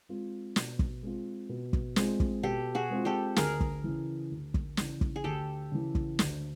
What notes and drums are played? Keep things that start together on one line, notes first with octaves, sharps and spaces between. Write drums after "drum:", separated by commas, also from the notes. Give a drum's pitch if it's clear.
G#3 C4 F4
B2, drum: snare
drum: kick
G#3 C4 F4
B2
drum: kick
G#3 C4 F4, drum: snare
drum: kick
B2 G4 A4
F#4 G#4
G#3 C4 F4
G4 A4
D2 G#4 A#4, drum: snare
drum: kick
C#3 E3
D2
drum: kick
C#3 E3, drum: snare
drum: kick
G#4
D2 G4 A4
C#3 E3
drum: kick
D2, drum: snare